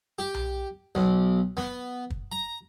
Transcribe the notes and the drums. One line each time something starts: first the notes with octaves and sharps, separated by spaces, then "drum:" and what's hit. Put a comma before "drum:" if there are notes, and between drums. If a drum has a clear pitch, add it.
G4
drum: tom B1
B1, drum: snare
B3, drum: snare
drum: kick
A#5